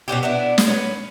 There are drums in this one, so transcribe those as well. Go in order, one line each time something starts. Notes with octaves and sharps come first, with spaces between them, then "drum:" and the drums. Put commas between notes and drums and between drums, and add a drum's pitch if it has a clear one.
B2 C#4 F#4 G4
B3 D4 E4
drum: snare
C#4 B4